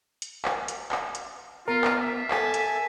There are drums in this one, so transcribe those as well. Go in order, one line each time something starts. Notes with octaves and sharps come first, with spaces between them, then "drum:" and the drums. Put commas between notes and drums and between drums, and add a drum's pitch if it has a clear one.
drum: hi-hat
drum: clap
drum: hi-hat
drum: clap
drum: hi-hat
B3 F4 A#4
drum: clap
E5
A4 G#5 A5, drum: clap
drum: hi-hat